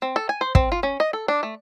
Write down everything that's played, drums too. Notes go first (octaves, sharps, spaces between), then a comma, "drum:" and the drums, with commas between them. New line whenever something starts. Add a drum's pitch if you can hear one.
C4
A4
G#5
C5
C4, drum: kick
F4
C#4
D#5
A4
D4
A3